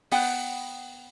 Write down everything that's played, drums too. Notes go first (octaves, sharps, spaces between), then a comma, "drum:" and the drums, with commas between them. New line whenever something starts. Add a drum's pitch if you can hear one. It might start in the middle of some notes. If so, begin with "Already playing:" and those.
B3 F#5 G5, drum: open hi-hat